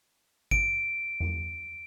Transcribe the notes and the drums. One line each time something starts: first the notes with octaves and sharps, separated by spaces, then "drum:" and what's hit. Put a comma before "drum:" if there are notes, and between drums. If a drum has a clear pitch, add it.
D7, drum: kick G#1
drum: tom E2